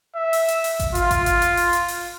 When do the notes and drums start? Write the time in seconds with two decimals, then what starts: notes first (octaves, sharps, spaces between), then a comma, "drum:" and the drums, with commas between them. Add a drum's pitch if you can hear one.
0.16 E5
0.33 drum: open hi-hat
0.48 drum: hi-hat
0.64 drum: open hi-hat
0.80 drum: kick G#1, hi-hat
0.95 F4, drum: hi-hat
1.11 drum: kick G#1, hi-hat
1.26 drum: hi-hat
1.42 drum: hi-hat
1.57 drum: open hi-hat
1.73 drum: hi-hat
1.88 drum: open hi-hat